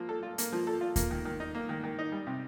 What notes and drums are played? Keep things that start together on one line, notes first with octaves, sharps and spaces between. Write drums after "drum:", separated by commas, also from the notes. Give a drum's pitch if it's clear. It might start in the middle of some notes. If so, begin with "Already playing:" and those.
Already playing: F3 A#3
A4
F4
A#3, drum: hi-hat
F3
A4
F4
A#3, drum: kick D#2, hi-hat
D#3
D#3
D#4
A#3
D#3
D#3
D#4
G3
C3